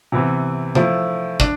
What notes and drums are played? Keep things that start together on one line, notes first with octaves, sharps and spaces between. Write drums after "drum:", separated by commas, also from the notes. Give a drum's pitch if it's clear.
C3 E3 B3
F3 A3 E4, drum: tom D3
D4, drum: kick